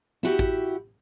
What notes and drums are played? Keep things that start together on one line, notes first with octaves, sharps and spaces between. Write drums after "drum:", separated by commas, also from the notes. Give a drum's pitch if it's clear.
E4 F#4 G4, drum: snare
drum: kick